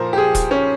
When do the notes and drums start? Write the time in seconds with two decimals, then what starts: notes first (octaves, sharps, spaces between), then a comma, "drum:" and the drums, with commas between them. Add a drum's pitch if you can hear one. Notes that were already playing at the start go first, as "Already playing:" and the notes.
Already playing: A#2 F3 A#4 C5
0.13 G4
0.18 G#4
0.35 drum: kick E1, hi-hat
0.51 C#4